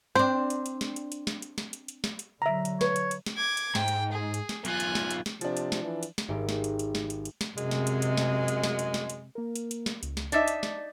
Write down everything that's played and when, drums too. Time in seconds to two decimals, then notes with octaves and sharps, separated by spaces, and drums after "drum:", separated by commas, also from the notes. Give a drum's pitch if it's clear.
0.15 C4 D4 C5
0.50 drum: hi-hat
0.66 drum: hi-hat
0.81 drum: snare
0.96 drum: hi-hat
1.12 drum: hi-hat
1.27 drum: snare
1.42 drum: hi-hat
1.58 drum: snare
1.73 drum: hi-hat
1.88 drum: hi-hat
2.04 drum: snare
2.19 drum: hi-hat
2.42 D3 F#3 E5 A#5
2.65 drum: hi-hat
2.81 B4 C#5, drum: snare
2.96 drum: hi-hat
3.11 drum: hi-hat
3.26 drum: snare
3.36 D6 G#6
3.57 drum: hi-hat
3.75 G#2 G5, drum: snare
3.88 drum: hi-hat
4.12 G#4
4.34 drum: hi-hat
4.49 drum: snare
4.65 B1 F4 G#5 F#6, drum: hi-hat
4.80 drum: hi-hat
4.95 drum: snare
5.11 drum: hi-hat
5.26 drum: snare
5.41 C3 F3 D4, drum: hi-hat
5.57 drum: hi-hat
5.72 drum: snare
5.83 E3
6.03 drum: hi-hat
6.18 drum: snare
6.28 G#1 G#2 G4
6.49 drum: snare
6.64 drum: hi-hat
6.79 drum: hi-hat
6.95 drum: snare
7.10 drum: hi-hat
7.25 drum: hi-hat
7.41 drum: snare
7.58 F#2 C3 G#3, drum: hi-hat
7.71 drum: snare
7.87 drum: hi-hat
8.02 drum: hi-hat
8.17 drum: snare
8.48 drum: hi-hat
8.63 drum: snare
8.79 drum: hi-hat
8.94 drum: snare
9.09 drum: hi-hat
9.35 A#3 A#4
9.56 drum: hi-hat
9.71 drum: hi-hat
9.86 drum: snare
10.03 C#2, drum: hi-hat
10.17 drum: snare
10.32 D4 D#4 D5 E5, drum: hi-hat
10.48 drum: hi-hat
10.63 drum: snare